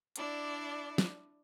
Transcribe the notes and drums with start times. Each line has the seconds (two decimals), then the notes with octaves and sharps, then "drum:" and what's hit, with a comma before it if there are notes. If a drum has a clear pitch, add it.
0.16 D4 E4 D5, drum: hi-hat
0.98 drum: snare